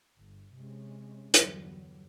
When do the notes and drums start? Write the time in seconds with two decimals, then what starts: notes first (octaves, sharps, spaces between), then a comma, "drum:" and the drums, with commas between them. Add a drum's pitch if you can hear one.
0.17 G1
0.55 C3 G#3 C#4
1.34 E2 G2 D3 F#3 G3 B3, drum: hi-hat